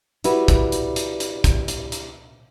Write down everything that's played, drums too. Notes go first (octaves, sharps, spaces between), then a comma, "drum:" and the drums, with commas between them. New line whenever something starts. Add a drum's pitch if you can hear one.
G3 E4 F#4 B4, drum: hi-hat
drum: kick, hi-hat
drum: hi-hat
drum: hi-hat
drum: hi-hat
drum: kick, hi-hat
drum: hi-hat
drum: hi-hat